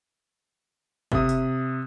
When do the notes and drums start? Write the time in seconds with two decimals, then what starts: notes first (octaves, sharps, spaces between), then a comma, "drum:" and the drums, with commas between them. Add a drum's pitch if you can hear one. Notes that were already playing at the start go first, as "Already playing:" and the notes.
1.12 C3 E5 D#6, drum: kick
1.29 drum: hi-hat